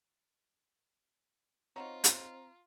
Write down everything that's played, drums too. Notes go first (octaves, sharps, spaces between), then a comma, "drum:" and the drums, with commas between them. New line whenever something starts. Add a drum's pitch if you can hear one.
C4 D#4 F4 F#4 C#5 A#5
drum: hi-hat